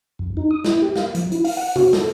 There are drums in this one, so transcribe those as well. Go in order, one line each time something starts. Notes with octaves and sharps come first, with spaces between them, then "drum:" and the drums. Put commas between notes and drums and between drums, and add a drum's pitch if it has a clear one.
F2
D#4
D#6
E4, drum: snare
G4
F5, drum: snare
F3, drum: hi-hat
E4, drum: hi-hat
F5, drum: open hi-hat
F#5
F#4, drum: tom C3
A4, drum: snare